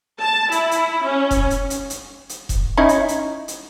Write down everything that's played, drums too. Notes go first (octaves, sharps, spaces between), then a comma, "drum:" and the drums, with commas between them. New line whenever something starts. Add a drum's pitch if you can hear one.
A5
E4, drum: hi-hat
drum: hi-hat
C#4
drum: kick E1, hi-hat
drum: hi-hat
drum: hi-hat
drum: hi-hat
drum: hi-hat
drum: kick E1, hi-hat
C#4 D#4 E4
drum: hi-hat
drum: hi-hat
drum: hi-hat